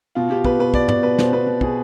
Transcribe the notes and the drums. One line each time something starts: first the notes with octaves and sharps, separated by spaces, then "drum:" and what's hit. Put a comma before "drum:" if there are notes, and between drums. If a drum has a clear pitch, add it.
B2 F4
B2 G4
B2 B4, drum: kick
B2 B4
B2 D5, drum: kick
B2 D5, drum: tom
B2 B4
B2 C5, drum: snare
B2 B4
B2
B2 G#4, drum: kick